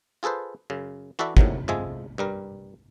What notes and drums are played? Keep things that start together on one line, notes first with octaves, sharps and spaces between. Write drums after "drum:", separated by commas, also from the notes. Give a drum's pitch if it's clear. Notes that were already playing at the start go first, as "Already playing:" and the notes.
F4 G#4 A4 B4 C5
F#2 C#3
E3 F#4 A4 B4 D5 E5
A2 C3 D#3 F#3, drum: kick
F2 F3 G#3 E5 G#5
G2 G3 A#4